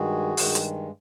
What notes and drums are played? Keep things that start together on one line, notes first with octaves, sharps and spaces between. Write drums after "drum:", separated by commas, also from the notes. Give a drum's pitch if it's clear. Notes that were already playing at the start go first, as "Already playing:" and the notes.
Already playing: G2 D#3 G#3 F#4 G#4
G2 D#3 G#3, drum: open hi-hat
drum: hi-hat